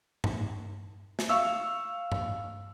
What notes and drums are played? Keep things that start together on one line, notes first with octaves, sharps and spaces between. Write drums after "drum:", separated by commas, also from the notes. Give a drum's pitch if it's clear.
drum: tom G2
drum: snare
F5 C#6 E6
drum: tom G2